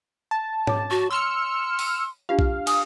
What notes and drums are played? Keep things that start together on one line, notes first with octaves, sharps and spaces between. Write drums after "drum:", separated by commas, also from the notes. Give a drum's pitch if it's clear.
A5
C#5 D6, drum: tom G#2
F#4 C#6
C6 E6 F6 C#7
drum: open hi-hat
D4 F4 G4 F5
drum: kick B1
G#5 D#6, drum: cymbal